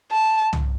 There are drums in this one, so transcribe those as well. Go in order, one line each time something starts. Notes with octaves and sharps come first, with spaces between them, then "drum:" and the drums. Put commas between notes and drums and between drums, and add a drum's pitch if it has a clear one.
A5
drum: tom